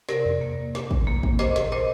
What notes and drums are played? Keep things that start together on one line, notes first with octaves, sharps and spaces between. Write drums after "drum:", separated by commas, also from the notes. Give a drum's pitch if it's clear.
C3 A#4 D5, drum: snare
drum: tom E2
A#3
A#2, drum: snare
drum: kick
A#3
drum: kick
A#2 C5 D#5, drum: snare
drum: snare
A#2 C5 D#5